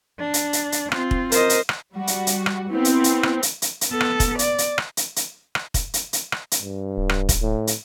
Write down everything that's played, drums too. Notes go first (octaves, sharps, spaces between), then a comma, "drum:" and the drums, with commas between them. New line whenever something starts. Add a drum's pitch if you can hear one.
D4
drum: hi-hat
drum: hi-hat
drum: hi-hat
C4 F4, drum: rim click
drum: kick
A#4 C5 D#5, drum: hi-hat
drum: hi-hat
drum: rim click
G3 F#4
drum: hi-hat
drum: hi-hat
drum: rim click
B3 C4 E4
drum: hi-hat
drum: hi-hat
drum: rim click
drum: hi-hat
drum: hi-hat
drum: hi-hat
B3 A4
drum: rim click
drum: kick, hi-hat
D5, drum: hi-hat
drum: hi-hat
drum: rim click
drum: hi-hat
drum: hi-hat
drum: rim click
drum: kick, hi-hat
drum: hi-hat
drum: hi-hat
drum: rim click
drum: hi-hat
G2
D1
drum: rim click
drum: kick, hi-hat
A2
drum: hi-hat